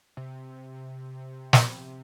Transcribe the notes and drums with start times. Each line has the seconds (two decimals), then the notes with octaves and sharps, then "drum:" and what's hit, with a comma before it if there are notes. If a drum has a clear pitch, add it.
0.17 C3
1.53 drum: snare